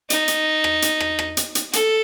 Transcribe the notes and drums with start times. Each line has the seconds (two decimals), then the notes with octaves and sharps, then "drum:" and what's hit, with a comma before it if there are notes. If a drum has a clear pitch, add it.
0.10 D#4, drum: hi-hat
0.28 drum: hi-hat
0.64 drum: rim click
0.82 drum: hi-hat
1.00 drum: rim click
1.19 drum: rim click
1.37 drum: hi-hat
1.55 drum: hi-hat
1.73 A4, drum: hi-hat